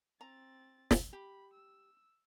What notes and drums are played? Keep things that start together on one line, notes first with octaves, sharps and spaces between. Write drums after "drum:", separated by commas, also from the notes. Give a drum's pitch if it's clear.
C4 A#5 A6
drum: snare
G4 B5
E6